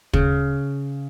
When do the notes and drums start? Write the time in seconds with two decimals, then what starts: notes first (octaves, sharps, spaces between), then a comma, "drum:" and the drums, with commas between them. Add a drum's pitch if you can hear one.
0.13 C#3, drum: kick